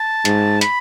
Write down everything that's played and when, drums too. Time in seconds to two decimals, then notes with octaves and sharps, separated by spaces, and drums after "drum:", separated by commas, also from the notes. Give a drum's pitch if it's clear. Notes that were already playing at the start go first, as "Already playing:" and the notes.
Already playing: A5
0.25 G#2, drum: hi-hat
0.61 B5, drum: hi-hat